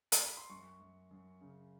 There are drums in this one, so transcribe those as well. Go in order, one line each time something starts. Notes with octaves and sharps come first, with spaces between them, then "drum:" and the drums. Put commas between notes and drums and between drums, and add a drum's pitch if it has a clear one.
A#5, drum: hi-hat
B5
C6
F#2 C#6
F#2
F#2
C#3